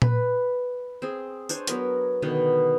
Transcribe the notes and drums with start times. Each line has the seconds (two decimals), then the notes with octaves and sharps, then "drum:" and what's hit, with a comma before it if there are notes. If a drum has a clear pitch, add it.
0.02 B4, drum: tom A#2
1.02 C4 G#4
1.49 D4 C5 C#5 G#5, drum: tambourine
1.67 F#3 B3 A#4, drum: hi-hat
2.22 B2 D3 D#3 B3